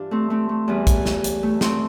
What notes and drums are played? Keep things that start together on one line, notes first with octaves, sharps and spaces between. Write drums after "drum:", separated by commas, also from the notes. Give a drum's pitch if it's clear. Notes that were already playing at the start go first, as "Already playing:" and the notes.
Already playing: G2 E3 D4 F4
A3 C4
A3 C4
A3
E2 E3 G3
drum: kick A#1, hi-hat
drum: snare
drum: hi-hat
A3
A3 C4, drum: snare